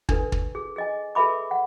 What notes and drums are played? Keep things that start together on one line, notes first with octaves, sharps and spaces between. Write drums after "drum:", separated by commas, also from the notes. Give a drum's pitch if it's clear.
D4 A4 B4, drum: kick
drum: kick
G#4
G#4 D#5 G#5
G#4 A4 B4 E5 B5 D6
F#5